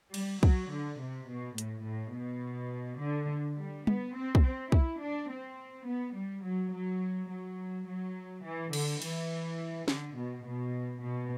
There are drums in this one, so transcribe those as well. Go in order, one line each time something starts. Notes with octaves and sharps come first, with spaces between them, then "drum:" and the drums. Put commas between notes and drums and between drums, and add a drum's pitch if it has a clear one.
G3, drum: cymbal
F#3, drum: kick
D3
C3
B2
A2, drum: hi-hat
A2
B2
D3
G3
B3, drum: tom G3
C4
drum: kick
C4
E4, drum: kick
D4
C4
B3
G3
F#3
F#3
F#3
F#3
E3
D3, drum: cymbal
E3, drum: cymbal
D3, drum: snare
B2
B2
B2